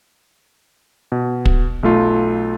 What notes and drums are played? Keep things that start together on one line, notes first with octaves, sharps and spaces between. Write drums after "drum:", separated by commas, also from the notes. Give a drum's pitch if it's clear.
B2
drum: kick
B1 A3 F4